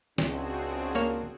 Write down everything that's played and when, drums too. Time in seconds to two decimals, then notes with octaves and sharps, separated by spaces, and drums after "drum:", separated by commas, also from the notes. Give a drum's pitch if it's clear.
0.18 C#2 C4 D4 F#4 G#4, drum: snare
0.95 A#3 C#5